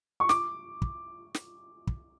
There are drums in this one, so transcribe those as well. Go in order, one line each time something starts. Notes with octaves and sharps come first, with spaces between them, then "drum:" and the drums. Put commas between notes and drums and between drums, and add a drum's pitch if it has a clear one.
C#6
D6, drum: snare
drum: kick
drum: snare
drum: kick